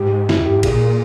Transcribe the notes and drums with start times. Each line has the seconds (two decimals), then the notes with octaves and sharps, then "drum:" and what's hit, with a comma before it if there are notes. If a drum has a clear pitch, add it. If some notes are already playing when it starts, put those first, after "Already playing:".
Already playing: G#2 G4
0.29 G2 E4, drum: snare
0.38 E2
0.46 G2 G4
0.54 G#2
0.63 A#2 G#4, drum: kick, cymbal